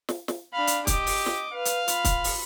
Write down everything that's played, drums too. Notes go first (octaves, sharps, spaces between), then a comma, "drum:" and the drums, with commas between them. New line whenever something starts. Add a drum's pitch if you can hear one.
drum: snare
drum: snare
D4 F5 B5
drum: hi-hat
G4 D#5 D6, drum: kick, hi-hat
drum: open hi-hat
drum: snare
B4 F5
drum: hi-hat
F4 B5, drum: hi-hat
drum: kick, hi-hat
drum: open hi-hat